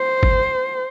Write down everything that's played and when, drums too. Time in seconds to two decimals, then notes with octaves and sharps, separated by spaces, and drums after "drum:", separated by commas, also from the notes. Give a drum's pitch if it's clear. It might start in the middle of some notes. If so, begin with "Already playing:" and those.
Already playing: C5
0.23 drum: kick